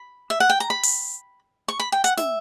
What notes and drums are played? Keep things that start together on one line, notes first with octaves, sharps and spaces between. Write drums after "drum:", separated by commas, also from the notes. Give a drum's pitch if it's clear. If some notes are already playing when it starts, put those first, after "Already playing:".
Already playing: B5
E5
F#5
G5
A#5
B5
drum: open hi-hat
C#6
B5
G5
F#5, drum: hi-hat
E5, drum: snare